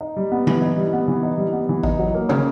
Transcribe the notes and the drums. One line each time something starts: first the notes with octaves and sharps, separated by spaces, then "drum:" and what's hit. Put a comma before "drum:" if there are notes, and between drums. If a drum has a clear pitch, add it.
D#4
G3
B3
E3, drum: tom F#3
D#4
G3
B3
E3
D#4
G3
B3
E3
D#4, drum: kick G#1
F#3
A#3
C#3, drum: tom